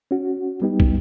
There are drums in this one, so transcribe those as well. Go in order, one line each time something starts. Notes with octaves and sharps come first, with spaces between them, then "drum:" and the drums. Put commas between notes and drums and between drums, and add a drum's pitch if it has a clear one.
C#4 F#4
G3 B3 D#4 G4
drum: kick